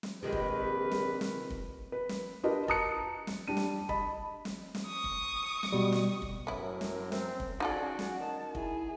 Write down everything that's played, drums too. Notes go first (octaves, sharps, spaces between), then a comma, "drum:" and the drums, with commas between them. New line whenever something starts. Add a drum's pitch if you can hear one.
drum: snare
A#1 C3 D#3 G#3 B4
drum: kick
drum: snare
drum: snare
drum: kick
B4
drum: snare
D4 F4 G4 A#4 B4 D#5
A5 A#5 D#6 F#6 C#7, drum: kick
drum: snare
G3 D4 D#7
drum: snare
D#5 A5 B5, drum: kick
drum: snare
drum: snare
C#6 D#6
drum: kick
drum: snare
B2 G3
drum: snare
drum: kick
F#2 A2 B3 E4 A#4
drum: snare
C4, drum: snare
drum: kick
C#4 D#4 F4 F#4 G#4 A4 D5
drum: snare
D#3 A5
E4 G#4, drum: kick